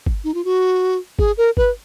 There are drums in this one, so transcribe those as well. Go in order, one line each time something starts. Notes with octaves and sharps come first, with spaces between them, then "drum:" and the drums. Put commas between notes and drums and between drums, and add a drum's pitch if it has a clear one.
drum: kick G1
D#4
F4
F#4
G#4, drum: kick G1
A#4
B4, drum: kick G1